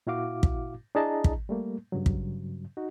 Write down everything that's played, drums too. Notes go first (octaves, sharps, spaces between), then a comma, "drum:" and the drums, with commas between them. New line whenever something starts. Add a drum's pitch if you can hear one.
A#2 E4 F#4 F5 D6
drum: kick
D4 E4 G#4 D#5 A5 A#5
drum: kick
G3 A3 A#3
G2 C#3 F#3
drum: kick
D#4 F#4